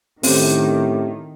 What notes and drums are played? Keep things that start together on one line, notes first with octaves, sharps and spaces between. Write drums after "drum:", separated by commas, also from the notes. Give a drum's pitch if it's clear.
A2 D#3 C4 C#4 G4 A4, drum: open hi-hat